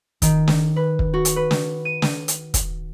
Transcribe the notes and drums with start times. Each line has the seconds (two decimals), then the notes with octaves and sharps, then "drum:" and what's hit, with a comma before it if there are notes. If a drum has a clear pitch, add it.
0.22 D#3, drum: kick, hi-hat
0.48 drum: snare
0.76 B4
0.99 drum: kick
1.14 F#4
1.25 drum: hi-hat
1.36 B4
1.51 drum: snare
1.85 D#7
2.02 drum: snare
2.28 drum: hi-hat
2.54 drum: kick, hi-hat